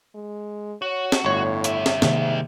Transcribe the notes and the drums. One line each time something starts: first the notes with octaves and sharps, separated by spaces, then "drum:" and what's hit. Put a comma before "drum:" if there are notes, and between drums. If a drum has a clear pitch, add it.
G#3
F#4 C#5
drum: snare
G1 A2 C#5
G3 E5, drum: hi-hat
drum: snare
G#2 C3 D#3 A#3, drum: snare